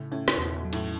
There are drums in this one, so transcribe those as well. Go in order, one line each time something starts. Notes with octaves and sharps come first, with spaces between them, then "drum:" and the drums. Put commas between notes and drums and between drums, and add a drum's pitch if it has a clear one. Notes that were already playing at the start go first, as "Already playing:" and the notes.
Already playing: A2 C#3
A2 C#4
drum: snare
E2 B2
B2
F#3
A2, drum: cymbal